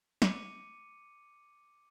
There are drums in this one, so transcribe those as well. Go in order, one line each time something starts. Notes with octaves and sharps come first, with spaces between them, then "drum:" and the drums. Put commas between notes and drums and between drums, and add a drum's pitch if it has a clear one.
D6 C#7 D#7, drum: snare